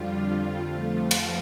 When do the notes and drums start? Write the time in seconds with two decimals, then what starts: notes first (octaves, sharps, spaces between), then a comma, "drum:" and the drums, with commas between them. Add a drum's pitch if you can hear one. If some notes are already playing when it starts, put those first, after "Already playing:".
Already playing: F2 D3 G3 F4
0.65 F2 F3 A3 F4
1.11 F4, drum: cymbal